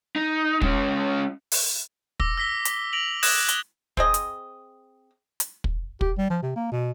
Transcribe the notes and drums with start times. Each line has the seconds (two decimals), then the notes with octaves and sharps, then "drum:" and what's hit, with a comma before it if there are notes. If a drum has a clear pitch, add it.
0.16 D#4
0.62 G#3 C#4, drum: kick
1.52 drum: open hi-hat
2.20 D6 E6 A#6, drum: kick
2.37 E6 A#6 B6 G7
2.65 B6, drum: hi-hat
2.93 A#6 D7 F7 F#7
3.23 D#6 E6 F#6 G#6 A#6 E7, drum: open hi-hat
3.49 G7, drum: hi-hat
3.97 C4 G#4 D#5, drum: kick
4.14 drum: hi-hat
5.40 drum: hi-hat
5.64 drum: kick
6.01 G4, drum: kick
6.18 G3
6.30 F3
6.43 C3
6.56 A#3
6.72 B2